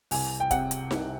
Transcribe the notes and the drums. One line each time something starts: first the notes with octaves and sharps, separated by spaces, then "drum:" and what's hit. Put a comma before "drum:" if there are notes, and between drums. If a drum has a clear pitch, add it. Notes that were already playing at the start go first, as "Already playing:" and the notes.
C2 G#5, drum: open hi-hat
G5
C3 F#5, drum: kick, hi-hat
drum: hi-hat
C2, drum: snare D#4